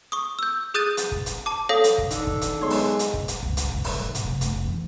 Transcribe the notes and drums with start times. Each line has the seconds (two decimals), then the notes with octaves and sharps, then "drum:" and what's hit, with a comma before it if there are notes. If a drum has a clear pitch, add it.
0.12 C#6 D#6
0.39 E6 G6
0.74 G#4 D#6 F#6 G6 A6 D#7
0.97 drum: hi-hat
1.12 drum: kick
1.26 drum: hi-hat
1.46 A5 D6
1.69 A4 C#5 F5 D#6 A#6
1.84 drum: hi-hat
1.98 drum: kick
2.10 D#3 D4 A4, drum: hi-hat
2.27 drum: kick
2.41 drum: hi-hat
2.61 B1 G#3 C#5 C6
2.70 drum: open hi-hat
2.99 drum: hi-hat
3.14 drum: kick
3.28 drum: hi-hat
3.43 C#2 G2, drum: kick
3.57 drum: hi-hat
3.71 drum: kick
3.84 A2 G3, drum: open hi-hat
4.03 G#1 B2
4.15 drum: hi-hat
4.25 A#1 C3
4.41 F1, drum: hi-hat
4.64 D#3 E3